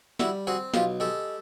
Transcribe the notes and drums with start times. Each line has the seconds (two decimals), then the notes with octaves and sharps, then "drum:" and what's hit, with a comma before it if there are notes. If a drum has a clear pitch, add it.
0.19 G3 E4 F#4, drum: snare
0.47 C4 F#4 G#4
0.74 B1 F4 G4, drum: snare
1.00 G#3 G4 A4